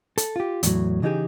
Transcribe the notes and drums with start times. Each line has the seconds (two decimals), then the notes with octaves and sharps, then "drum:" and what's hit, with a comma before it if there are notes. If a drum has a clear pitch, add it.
0.18 A4, drum: hi-hat
0.36 F4 G4
0.63 E2 A2 F#3, drum: hi-hat
1.02 C#3 E3 D#4 F4 G4 G#4